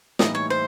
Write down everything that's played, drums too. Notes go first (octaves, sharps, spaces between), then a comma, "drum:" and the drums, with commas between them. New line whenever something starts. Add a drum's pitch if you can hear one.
A2 E3 G3 A#3 D#4 D#5, drum: snare
C#5
C5